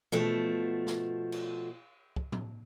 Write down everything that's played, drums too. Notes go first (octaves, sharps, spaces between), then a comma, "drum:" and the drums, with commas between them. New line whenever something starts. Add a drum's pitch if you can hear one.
B2 F3 A3, drum: tom E3
drum: snare
drum: cymbal
drum: kick
drum: tom A2